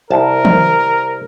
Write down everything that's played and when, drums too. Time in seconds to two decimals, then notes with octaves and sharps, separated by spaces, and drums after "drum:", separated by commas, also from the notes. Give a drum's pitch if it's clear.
0.10 C2 A#4 A5
0.45 drum: tom D#3